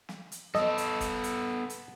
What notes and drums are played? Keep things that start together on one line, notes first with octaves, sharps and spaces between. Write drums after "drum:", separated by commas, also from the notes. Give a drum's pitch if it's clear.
drum: snare
drum: hi-hat
B3 A4 D#5, drum: snare
drum: hi-hat
drum: kick F#1, hi-hat
drum: hi-hat
drum: hi-hat